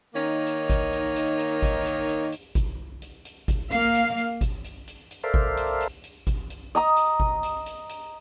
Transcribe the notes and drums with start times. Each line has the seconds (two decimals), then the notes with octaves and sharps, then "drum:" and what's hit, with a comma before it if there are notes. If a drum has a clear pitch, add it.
0.15 D#3 A#3 D#4 C#5
0.46 drum: hi-hat
0.70 drum: kick G1, hi-hat
0.93 drum: hi-hat
1.16 drum: hi-hat
1.39 drum: hi-hat
1.62 drum: kick G1, hi-hat
1.86 drum: hi-hat
2.09 drum: hi-hat
2.32 drum: hi-hat
2.55 drum: kick G1, hi-hat
3.02 drum: hi-hat
3.25 drum: hi-hat
3.48 drum: kick G1, hi-hat
3.71 A#3 F5, drum: hi-hat
3.95 drum: hi-hat
4.18 drum: hi-hat
4.41 drum: kick G1, hi-hat
4.64 drum: hi-hat
4.87 drum: hi-hat
5.11 drum: hi-hat
5.24 A4 A#4 C5 D5 E5 F5
5.34 drum: kick G1
5.57 drum: hi-hat
5.80 drum: hi-hat
6.04 drum: hi-hat
6.27 drum: kick G1, hi-hat
6.50 drum: hi-hat
6.75 D#5 A#5 D#6, drum: hi-hat
6.96 drum: hi-hat
7.20 drum: kick G1
7.43 drum: hi-hat
7.66 drum: hi-hat
7.89 drum: hi-hat